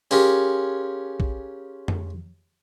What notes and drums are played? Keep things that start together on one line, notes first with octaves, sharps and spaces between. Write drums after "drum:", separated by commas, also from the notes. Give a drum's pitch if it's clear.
C#4 F4 G4 G#4 A#4, drum: open hi-hat
drum: kick A#1
drum: tom F2